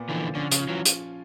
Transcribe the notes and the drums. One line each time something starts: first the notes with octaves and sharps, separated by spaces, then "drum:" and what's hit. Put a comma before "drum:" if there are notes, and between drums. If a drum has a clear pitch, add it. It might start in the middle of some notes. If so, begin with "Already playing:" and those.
Already playing: A#2 B3
D3 E3 F3
D3 C#4
C#3, drum: hi-hat
F4
E3 F#3
drum: hi-hat